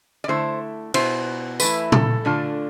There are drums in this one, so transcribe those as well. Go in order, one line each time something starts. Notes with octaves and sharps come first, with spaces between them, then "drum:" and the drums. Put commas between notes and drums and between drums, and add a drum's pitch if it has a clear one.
D5
D3 A3 E4 C5
B2 B3 E4 C5, drum: cymbal
E3 A3 E4 B4, drum: tambourine
A4, drum: tom A#2
D3 A3 D4 F4